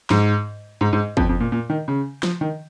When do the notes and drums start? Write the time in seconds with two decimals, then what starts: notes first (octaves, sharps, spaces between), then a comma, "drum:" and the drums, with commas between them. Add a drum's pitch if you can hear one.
0.10 G#2, drum: snare
0.81 G#2
0.93 G#2
1.17 F2, drum: kick
1.29 F2
1.40 A#2
1.52 A#2
1.70 D#3
1.88 C#3
2.23 F3, drum: snare
2.41 D#3